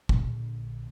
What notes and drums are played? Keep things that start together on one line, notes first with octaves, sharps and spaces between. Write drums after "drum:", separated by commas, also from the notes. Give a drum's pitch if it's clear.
A#1 D3, drum: kick